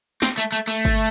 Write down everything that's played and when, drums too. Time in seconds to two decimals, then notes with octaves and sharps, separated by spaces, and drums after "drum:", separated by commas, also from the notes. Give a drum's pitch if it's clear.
0.22 C4, drum: snare
0.37 A3
0.52 A3
0.68 A3
0.85 drum: kick G1